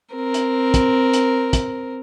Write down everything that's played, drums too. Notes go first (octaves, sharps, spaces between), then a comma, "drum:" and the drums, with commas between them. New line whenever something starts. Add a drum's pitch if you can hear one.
C4 A#4
drum: hi-hat
drum: kick, hi-hat
drum: hi-hat
drum: kick, hi-hat